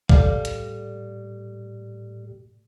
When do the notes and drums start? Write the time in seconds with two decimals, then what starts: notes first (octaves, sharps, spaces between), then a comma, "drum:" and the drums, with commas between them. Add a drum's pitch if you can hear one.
0.09 A2 G3 A4 D5 F5, drum: kick C2
0.45 drum: hi-hat